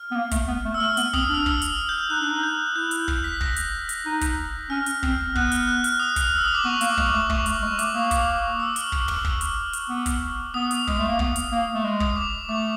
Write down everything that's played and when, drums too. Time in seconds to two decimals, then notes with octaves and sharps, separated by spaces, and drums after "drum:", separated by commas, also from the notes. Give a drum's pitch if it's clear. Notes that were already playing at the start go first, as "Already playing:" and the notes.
Already playing: F6
0.11 B3
0.16 A#3
0.31 A3, drum: kick, hi-hat
0.48 B3
0.65 A3
0.74 E6
0.80 A3 F6
0.97 B3, drum: hi-hat
1.13 C4 D#6, drum: kick
1.29 D4
1.34 F6
1.46 E6, drum: kick
1.62 drum: hi-hat
1.89 G6
2.10 D#4 F#6
2.21 D4
2.31 D#4
2.43 G6
2.75 E4 G6
2.91 G6, drum: hi-hat
3.08 G6, drum: kick
3.24 B6
3.41 A#6, drum: kick
3.56 drum: hi-hat
3.89 drum: hi-hat
4.06 D#4
4.21 drum: kick, hi-hat
4.70 C#4 F6
4.86 drum: hi-hat
5.03 C4, drum: kick
5.35 B3 F#6, drum: kick
5.52 F6, drum: hi-hat
5.67 F#6
5.84 F6, drum: hi-hat
6.00 D#6
6.16 drum: kick, hi-hat
6.35 E6
6.45 D#6
6.54 D6
6.65 B3 C#6
6.81 A#3, drum: hi-hat
6.87 D6
6.97 G#3, drum: kick
7.08 D6
7.13 A3
7.30 A3 C#6, drum: kick
7.46 A3 D6, drum: hi-hat
7.62 G#3 C#6
7.79 A3 D6, drum: hi-hat
7.94 A#3 D#6
8.11 drum: kick, hi-hat
8.60 E6
8.76 F6, drum: hi-hat
8.92 F6, drum: kick
9.08 F6, drum: tom
9.25 drum: kick
9.41 drum: hi-hat
9.73 drum: hi-hat
9.89 B3
10.06 drum: kick, hi-hat
10.54 B3 D#6
10.71 drum: hi-hat
10.87 G#3 D#6, drum: kick
10.99 A3
11.08 A#3
11.19 B3, drum: kick
11.36 drum: hi-hat
11.52 A#3
11.74 A3
11.84 G#3
12.00 D#6, drum: kick
12.16 D6
12.49 A3 D6